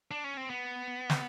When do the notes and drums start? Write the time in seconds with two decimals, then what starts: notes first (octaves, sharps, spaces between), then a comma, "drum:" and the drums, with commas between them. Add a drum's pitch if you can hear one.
0.11 D4
0.24 C#4
0.37 C4
0.50 B3
1.10 drum: snare